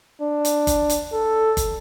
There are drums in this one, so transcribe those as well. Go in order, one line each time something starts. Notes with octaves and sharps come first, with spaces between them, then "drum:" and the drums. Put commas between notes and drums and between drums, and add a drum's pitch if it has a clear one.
D4
drum: hi-hat
drum: kick G1, hi-hat
drum: hi-hat
A4
drum: kick G1, hi-hat